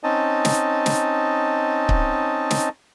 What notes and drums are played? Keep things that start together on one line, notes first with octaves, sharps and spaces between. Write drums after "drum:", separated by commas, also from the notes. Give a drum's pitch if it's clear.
C4 C#4 D#4 D#5 A5
drum: snare
drum: snare
drum: kick C#1
drum: snare